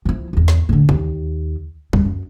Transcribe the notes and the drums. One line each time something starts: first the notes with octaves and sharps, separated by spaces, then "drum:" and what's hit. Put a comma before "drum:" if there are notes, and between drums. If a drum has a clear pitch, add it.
F3 E4
G#1 E2
drum: snare
A2 D3
D#2, drum: kick
G3, drum: kick
F#2